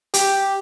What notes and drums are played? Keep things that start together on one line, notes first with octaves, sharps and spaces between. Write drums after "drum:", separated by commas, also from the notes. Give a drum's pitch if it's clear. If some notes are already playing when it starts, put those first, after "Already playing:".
G4, drum: hi-hat